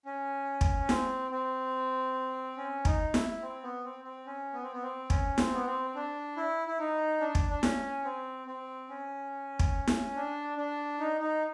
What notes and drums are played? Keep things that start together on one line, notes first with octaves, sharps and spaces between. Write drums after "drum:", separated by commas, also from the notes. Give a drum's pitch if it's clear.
C#4
drum: kick
C4, drum: snare E4
C4
C#4
D#4, drum: kick
E4, drum: snare E4
C4
B3
C4
C4
C#4
B3
C4
B3
C4
C#4, drum: kick
C4, drum: snare E4
B3
C4
D4
E4
E4
D#4
D4
drum: kick
D4
C#4, drum: snare E4
C4
C4
C#4
drum: kick
drum: snare E4
D4
D4
D#4
D#4